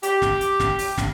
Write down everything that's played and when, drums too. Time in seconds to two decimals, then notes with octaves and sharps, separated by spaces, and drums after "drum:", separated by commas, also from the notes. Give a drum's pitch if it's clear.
0.03 G4, drum: hi-hat
0.22 drum: snare
0.41 drum: hi-hat
0.60 drum: snare
0.79 drum: open hi-hat
0.98 drum: snare